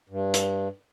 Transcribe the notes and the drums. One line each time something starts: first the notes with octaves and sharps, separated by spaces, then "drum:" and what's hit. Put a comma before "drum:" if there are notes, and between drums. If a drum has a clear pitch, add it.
G2
drum: hi-hat